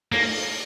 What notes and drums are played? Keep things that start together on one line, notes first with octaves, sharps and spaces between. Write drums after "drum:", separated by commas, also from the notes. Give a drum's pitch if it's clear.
A#3, drum: cymbal